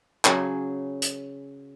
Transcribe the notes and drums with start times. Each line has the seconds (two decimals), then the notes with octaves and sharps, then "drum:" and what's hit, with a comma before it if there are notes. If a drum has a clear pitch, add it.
0.25 C#3 F#3 G#4, drum: clap
1.02 drum: hi-hat